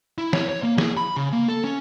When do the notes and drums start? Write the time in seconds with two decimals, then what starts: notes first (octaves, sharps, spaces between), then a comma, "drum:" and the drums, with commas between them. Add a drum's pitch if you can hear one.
0.18 E4
0.33 C#5, drum: snare
0.49 C#5
0.63 A#3
0.78 G#4, drum: snare
0.97 B5
1.17 C#3
1.32 A#3
1.48 A4
1.64 C#4